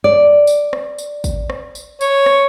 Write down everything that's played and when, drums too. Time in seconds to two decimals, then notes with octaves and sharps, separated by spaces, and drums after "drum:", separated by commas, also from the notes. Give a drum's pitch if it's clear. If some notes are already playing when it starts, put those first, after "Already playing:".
0.04 D5
0.47 drum: tambourine
0.73 drum: rim click
0.98 drum: tambourine
1.24 drum: kick, tambourine
1.50 drum: rim click
1.75 drum: tambourine
2.01 C#5, drum: tambourine
2.26 drum: rim click